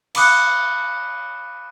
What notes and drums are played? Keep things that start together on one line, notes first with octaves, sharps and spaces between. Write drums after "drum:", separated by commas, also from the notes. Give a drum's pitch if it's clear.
F5 B5 D6 D#6 F#6 C#7, drum: cymbal